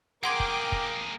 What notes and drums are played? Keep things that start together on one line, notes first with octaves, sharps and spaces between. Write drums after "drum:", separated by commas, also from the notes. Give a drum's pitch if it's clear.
A#3 G#4 A#4 F#5 G5 C6 D6 G#6
drum: kick
drum: kick